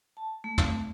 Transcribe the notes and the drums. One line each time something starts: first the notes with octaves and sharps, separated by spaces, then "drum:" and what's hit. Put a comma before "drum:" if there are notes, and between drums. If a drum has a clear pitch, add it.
A5
A3
drum: tom